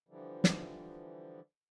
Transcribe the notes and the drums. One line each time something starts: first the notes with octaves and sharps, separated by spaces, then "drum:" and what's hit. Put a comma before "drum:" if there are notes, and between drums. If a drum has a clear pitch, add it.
D3 E3 F3 G3
drum: snare